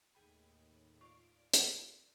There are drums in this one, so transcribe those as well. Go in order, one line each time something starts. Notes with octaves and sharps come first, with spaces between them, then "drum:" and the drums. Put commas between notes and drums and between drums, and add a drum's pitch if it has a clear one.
D#2 A2 D#3 G#4 G5 B5
F4 D5 C#6 D7
drum: hi-hat